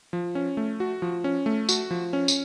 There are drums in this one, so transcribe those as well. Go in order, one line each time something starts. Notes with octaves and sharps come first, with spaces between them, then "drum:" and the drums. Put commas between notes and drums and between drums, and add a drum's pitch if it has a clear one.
F3
C#4
A3
F#4
F3
C#4
A3
F#4, drum: tambourine
F3
C#4
drum: tambourine